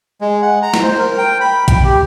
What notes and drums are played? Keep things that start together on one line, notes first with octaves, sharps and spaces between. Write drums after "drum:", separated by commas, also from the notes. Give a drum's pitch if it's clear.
G#3
F#5
A#5
drum: snare
C5
A#4
G5
B5
G5, drum: kick, hi-hat
G4